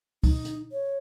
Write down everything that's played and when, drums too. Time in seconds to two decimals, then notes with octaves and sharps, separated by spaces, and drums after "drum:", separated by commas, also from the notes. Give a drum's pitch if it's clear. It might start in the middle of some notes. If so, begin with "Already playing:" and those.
0.23 D#4, drum: kick, open hi-hat
0.45 drum: hi-hat
0.72 C#5